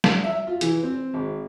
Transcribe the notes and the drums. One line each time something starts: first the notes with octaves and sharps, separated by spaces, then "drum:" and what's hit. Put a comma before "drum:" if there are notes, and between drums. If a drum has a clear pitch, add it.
drum: snare G3
E5
F4
E3, drum: hi-hat
C4
G#1